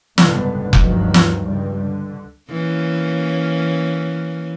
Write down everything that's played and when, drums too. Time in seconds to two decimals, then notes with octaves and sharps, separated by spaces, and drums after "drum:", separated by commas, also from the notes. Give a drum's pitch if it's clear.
0.18 F#1 C2 G#2 D3 G3 B3, drum: snare
0.73 G1 D2 G2 D#3 F3 F#3, drum: kick F1
1.14 drum: snare
1.45 C#2 G2 G3
1.83 D3
2.50 E3 A#3 C#4